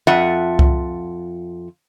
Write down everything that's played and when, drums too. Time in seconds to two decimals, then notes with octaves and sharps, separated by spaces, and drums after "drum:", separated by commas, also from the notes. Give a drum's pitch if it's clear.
0.07 F2 F4 E5 F#5
0.59 drum: kick C2